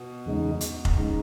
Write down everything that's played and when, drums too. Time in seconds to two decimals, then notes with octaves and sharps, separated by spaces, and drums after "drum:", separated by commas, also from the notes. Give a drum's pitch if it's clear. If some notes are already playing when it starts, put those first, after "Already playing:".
Already playing: B2
0.26 E2 C#3 G#3 D#4
0.61 drum: hi-hat
0.85 drum: kick F1
0.98 C#3 G#3 D#4